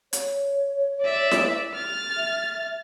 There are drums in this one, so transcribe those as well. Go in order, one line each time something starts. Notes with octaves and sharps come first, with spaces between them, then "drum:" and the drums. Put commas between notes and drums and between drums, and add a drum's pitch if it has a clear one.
C#5, drum: hi-hat
D5 E5
drum: snare E4
F6 A6
E5